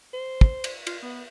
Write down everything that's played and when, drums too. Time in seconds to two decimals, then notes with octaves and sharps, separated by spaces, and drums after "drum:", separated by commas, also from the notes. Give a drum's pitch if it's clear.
0.13 C5
0.41 drum: kick
0.64 drum: cymbal
0.87 F4, drum: cymbal
1.02 B3